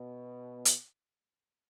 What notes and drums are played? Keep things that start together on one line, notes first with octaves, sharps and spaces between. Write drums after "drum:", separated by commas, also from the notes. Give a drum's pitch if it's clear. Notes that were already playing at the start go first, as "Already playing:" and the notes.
Already playing: B2
drum: hi-hat